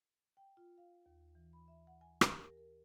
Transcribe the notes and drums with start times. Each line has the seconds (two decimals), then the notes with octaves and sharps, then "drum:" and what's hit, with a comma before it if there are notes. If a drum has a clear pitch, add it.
0.37 G5
0.57 F4
0.78 F5
1.06 D#2
1.35 E3
1.53 B5
1.68 E5
1.87 F#5
2.01 G#5
2.21 G4, drum: rim click
2.38 A#4
2.57 A#4